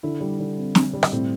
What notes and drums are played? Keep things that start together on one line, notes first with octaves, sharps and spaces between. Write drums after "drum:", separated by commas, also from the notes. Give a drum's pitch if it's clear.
D3 E4
G3
D3
C4
D3, drum: snare
G3
drum: rim click
A2 C4